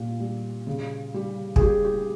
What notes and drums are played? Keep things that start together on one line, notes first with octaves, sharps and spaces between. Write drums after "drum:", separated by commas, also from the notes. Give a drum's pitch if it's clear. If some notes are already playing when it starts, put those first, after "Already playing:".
Already playing: A#2 G3
G3
C#3
G3
G#4, drum: kick
G3 G4
G4